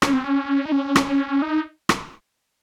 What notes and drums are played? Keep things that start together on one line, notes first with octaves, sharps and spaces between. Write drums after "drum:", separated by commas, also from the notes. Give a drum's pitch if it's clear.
C#4, drum: rim click
C4
C#4
D#4
C#4
drum: rim click
D#4
drum: rim click